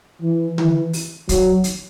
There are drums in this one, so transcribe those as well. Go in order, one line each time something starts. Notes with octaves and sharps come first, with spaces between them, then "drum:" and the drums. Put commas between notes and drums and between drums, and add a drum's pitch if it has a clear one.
E3
E3, drum: tom D3
drum: open hi-hat
F#3, drum: kick, hi-hat
drum: hi-hat